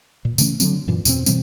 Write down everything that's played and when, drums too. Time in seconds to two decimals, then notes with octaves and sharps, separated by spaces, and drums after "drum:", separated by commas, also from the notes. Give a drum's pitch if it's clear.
0.25 A#2
0.38 C#3 E3 A3 C#4, drum: tambourine
0.60 D3 F#3 G3 C4, drum: tambourine
0.87 F#2 A#2 E3
1.05 E2 B2 C4, drum: tambourine
1.26 B2 E3 G3 C4, drum: tambourine